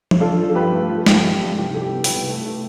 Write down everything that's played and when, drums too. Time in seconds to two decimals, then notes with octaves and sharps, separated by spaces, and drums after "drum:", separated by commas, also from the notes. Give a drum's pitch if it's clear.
0.11 drum: tom F3
0.20 D4 F4 A4
0.37 F3
0.50 A4
0.55 G2 G4 B4
0.72 A3
0.90 F3
0.97 A4
1.06 G2 G4, drum: snare
1.24 G2 G4
1.41 G2
1.58 C2 G4
1.74 C2 A4
1.82 G4
1.93 B3
2.04 G4 B4, drum: open hi-hat
2.10 C2
2.28 A3
2.45 A3